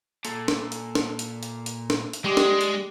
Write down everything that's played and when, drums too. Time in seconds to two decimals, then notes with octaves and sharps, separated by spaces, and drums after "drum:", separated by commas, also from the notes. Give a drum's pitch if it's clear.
0.25 A#2 A4, drum: hi-hat
0.48 drum: snare
0.72 drum: hi-hat
0.95 drum: snare
1.19 drum: hi-hat
1.43 drum: hi-hat
1.66 drum: hi-hat
1.90 drum: snare
2.13 drum: hi-hat
2.25 G#3 D4 G4 G5 D6
2.37 drum: snare
2.61 drum: hi-hat